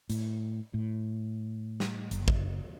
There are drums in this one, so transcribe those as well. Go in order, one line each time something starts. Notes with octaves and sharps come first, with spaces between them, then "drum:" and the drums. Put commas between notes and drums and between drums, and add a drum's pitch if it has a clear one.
A2, drum: hi-hat
A2
drum: snare
F#1, drum: hi-hat
drum: kick